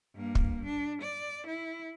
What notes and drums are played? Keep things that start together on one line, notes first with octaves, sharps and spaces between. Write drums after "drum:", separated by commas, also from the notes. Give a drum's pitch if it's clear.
G2 A#3
drum: kick
D4
D5
E4